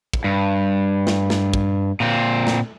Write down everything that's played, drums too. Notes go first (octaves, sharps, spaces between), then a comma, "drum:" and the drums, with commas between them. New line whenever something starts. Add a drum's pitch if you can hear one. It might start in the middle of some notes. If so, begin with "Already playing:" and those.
drum: kick
G2
drum: snare
drum: snare
drum: kick
A#2 C4
drum: snare